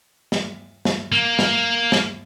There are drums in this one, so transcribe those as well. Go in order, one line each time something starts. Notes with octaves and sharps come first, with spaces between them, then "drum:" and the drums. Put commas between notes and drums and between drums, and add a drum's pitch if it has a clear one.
drum: snare
drum: snare
A#3
drum: snare
drum: snare